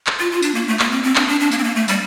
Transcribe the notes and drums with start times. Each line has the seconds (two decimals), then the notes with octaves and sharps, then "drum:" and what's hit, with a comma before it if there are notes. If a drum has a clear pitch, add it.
0.07 drum: clap
0.19 F4
0.32 F4
0.42 D4, drum: tambourine
0.54 A#3
0.68 A3
0.79 A#3, drum: clap
0.91 C4
1.03 C4
1.16 D4, drum: clap
1.28 D4
1.40 D4
1.51 A#3, drum: tambourine
1.58 C4
1.63 A#3
1.75 A3
1.88 G3, drum: tambourine